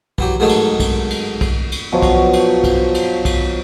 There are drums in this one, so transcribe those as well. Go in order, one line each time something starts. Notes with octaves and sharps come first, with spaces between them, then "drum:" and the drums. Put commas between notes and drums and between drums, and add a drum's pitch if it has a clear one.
E3 F#3 G4, drum: kick B1
G#2 D#3 F#3 G#3 A3 D#4
drum: cymbal
drum: kick B1, cymbal
drum: cymbal
drum: kick B1, cymbal
drum: cymbal
B2 F3 F#3
drum: kick B1, cymbal
drum: cymbal
drum: kick B1, cymbal
drum: cymbal
drum: kick B1, cymbal